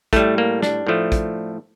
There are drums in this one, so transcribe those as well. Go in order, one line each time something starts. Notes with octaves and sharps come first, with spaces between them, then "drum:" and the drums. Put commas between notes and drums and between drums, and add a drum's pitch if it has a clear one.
A2 G3 A3, drum: kick, hi-hat
A#3
D4, drum: snare
A2 F3 A3
drum: kick, hi-hat